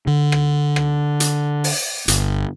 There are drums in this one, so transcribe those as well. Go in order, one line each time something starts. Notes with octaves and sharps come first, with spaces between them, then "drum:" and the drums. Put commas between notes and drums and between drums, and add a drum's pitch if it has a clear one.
D3
drum: rim click
drum: rim click
drum: hi-hat
drum: open hi-hat
G1, drum: hi-hat